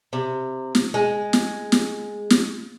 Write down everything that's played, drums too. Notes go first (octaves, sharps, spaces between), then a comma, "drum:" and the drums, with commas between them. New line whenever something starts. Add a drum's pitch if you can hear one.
C3
drum: snare
G#3
drum: snare
drum: snare
drum: snare